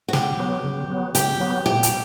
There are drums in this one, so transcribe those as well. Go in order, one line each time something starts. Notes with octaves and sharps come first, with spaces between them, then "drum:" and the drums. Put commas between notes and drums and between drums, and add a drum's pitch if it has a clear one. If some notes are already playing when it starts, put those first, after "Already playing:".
F#4
C#3 G4, drum: snare
F#3 B3
C#3
F#3 B3
C#3 G4, drum: hi-hat
F#3 B3
A#2 G4
drum: hi-hat